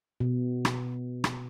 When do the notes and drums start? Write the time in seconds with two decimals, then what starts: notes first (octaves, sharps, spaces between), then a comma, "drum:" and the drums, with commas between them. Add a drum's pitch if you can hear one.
0.20 B2
0.65 drum: rim click
1.24 drum: rim click